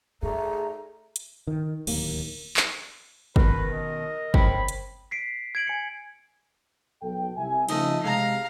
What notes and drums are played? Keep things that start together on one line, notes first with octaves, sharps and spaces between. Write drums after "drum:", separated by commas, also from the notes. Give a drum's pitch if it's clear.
A3 D#4 G#4 A#5
drum: hi-hat
D#3
D1 D#2 A#3, drum: cymbal
drum: clap
B2 D#3 A#4 B4, drum: kick
D#5
C4 C5 C#5 G5 B5, drum: kick
drum: hi-hat
B6 C7 D7
G#6 D7 F#7
G#5 C#7
B1 A4 G5
C2 E5 G#5
C#3 F3 A3 D#4 D#5, drum: cymbal
C3 G#3 F5 A#5